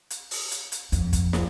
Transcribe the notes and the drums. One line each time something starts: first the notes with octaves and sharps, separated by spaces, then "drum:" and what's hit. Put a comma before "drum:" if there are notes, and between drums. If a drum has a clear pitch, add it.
drum: hi-hat
drum: open hi-hat
drum: hi-hat
drum: hi-hat
F2, drum: hi-hat
drum: kick, hi-hat
drum: snare